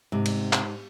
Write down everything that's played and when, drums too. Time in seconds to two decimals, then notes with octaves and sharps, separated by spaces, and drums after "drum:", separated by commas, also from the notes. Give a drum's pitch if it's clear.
0.12 G#2 C3
0.26 drum: cymbal
0.53 drum: clap